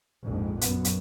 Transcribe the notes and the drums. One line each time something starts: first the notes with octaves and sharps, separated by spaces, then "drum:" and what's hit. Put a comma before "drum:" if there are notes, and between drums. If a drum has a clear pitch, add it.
A#1 F2 G#2
F#2 B3, drum: hi-hat
drum: hi-hat